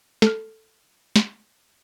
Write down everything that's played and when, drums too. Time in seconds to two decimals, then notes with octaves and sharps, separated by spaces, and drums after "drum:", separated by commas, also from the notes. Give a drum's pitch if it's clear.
0.22 A4 F6, drum: snare
1.16 drum: snare